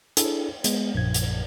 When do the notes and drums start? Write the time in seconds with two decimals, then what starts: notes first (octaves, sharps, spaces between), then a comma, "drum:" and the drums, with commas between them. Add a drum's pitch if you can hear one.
0.17 D4 E4 G#4 A4, drum: hi-hat
0.64 G#3 B3, drum: hi-hat
0.95 A#1 F#2 G#6
1.14 drum: hi-hat